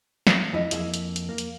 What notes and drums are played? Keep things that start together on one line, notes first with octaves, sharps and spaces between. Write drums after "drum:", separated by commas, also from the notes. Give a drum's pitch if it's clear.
drum: snare
F2 E4 D#5
F2 A#3 E4 G#4 E5, drum: hi-hat
drum: hi-hat
drum: hi-hat
A#3
drum: hi-hat